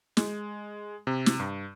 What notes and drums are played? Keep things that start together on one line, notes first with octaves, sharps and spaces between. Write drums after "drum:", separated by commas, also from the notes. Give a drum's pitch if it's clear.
G#3, drum: snare
C3
drum: snare
G2